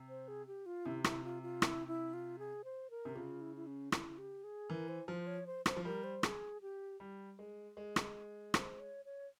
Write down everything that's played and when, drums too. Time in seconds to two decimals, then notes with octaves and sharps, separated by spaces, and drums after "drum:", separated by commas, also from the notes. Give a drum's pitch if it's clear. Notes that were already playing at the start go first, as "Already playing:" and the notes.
Already playing: C3
0.09 C5
0.28 G#4
0.47 G4
0.66 F4
0.85 C3 E4
1.04 E4, drum: rim click
1.24 F4
1.43 F4
1.62 E4, drum: rim click
1.88 E4
2.14 F4
2.39 G#4
2.64 C5
2.90 A#4
3.05 C3
3.16 C#3 F4
3.41 E4
3.56 E4
3.67 C#4
3.92 E4, drum: rim click
4.18 G4
4.44 G#4
4.70 E3 A#4
4.88 C5
5.08 F3 C5
5.27 C#5
5.46 C5
5.66 C5, drum: rim click
5.76 F3
5.85 G3 A#4
6.04 C5
6.23 G#4, drum: rim click
6.62 G4
7.00 G3
7.39 G#3
7.77 G#3
7.96 drum: rim click
8.54 C5, drum: rim click
8.80 C#5
9.05 C#5